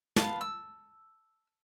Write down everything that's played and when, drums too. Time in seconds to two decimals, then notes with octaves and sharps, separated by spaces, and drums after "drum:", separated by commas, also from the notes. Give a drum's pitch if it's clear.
0.16 B3 F4 A5, drum: snare
0.41 E6